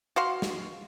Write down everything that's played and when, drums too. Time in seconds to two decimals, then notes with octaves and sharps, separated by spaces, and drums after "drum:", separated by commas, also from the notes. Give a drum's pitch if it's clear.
0.16 F#4 F5 C6
0.42 drum: snare